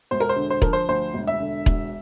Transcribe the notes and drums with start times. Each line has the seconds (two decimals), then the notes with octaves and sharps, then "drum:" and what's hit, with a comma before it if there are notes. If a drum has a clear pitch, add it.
0.11 E1 C5
0.20 A#4
0.29 C5
0.36 D3
0.50 C5
0.62 F3 A#4, drum: kick E1
0.73 C5
0.88 D2 C5
1.14 E1
1.27 E5
1.40 D3
1.66 E1, drum: kick E1